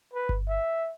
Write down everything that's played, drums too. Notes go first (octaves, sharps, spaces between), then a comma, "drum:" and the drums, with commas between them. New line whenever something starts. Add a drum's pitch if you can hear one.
B4
drum: kick G1
E5